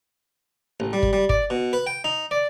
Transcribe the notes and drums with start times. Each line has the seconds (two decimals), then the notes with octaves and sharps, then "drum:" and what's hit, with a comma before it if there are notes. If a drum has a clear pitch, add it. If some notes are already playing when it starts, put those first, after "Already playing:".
0.80 A1
0.93 G3
1.03 drum: kick G1
1.13 G3
1.29 D5, drum: kick G1
1.50 B2
1.73 B4
1.87 G5
2.04 D#4
2.31 D5